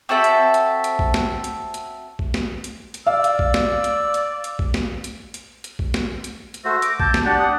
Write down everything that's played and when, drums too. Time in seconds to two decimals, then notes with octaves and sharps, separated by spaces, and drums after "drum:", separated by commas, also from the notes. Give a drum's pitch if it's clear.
0.09 C4 F#4 A4 E5
0.24 drum: hi-hat
0.54 drum: hi-hat
0.84 drum: hi-hat
0.99 drum: kick A#1
1.14 drum: snare
1.44 drum: hi-hat
1.74 drum: hi-hat
2.19 drum: kick A#1
2.34 drum: snare
2.64 drum: hi-hat
2.94 drum: hi-hat
3.07 D5 F5 E6
3.24 drum: hi-hat
3.39 drum: kick A#1
3.54 drum: snare
3.84 drum: hi-hat
4.14 drum: hi-hat
4.44 drum: hi-hat
4.59 drum: kick A#1
4.74 drum: snare
5.04 drum: hi-hat
5.34 drum: hi-hat
5.64 drum: hi-hat
5.79 drum: kick A#1
5.94 drum: snare
6.24 drum: hi-hat
6.54 drum: hi-hat
6.65 A3 F#4 C5 E5 A#6
6.82 D6, drum: hi-hat
7.00 A5 G6, drum: kick A#1
7.14 drum: snare
7.25 D4 G4 F#5 A6
7.38 D#6